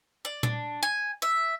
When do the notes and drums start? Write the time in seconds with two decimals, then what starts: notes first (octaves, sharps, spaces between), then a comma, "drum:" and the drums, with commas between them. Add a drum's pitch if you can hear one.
0.25 D5
0.43 D4, drum: tom A#2
0.83 G#5
1.22 E5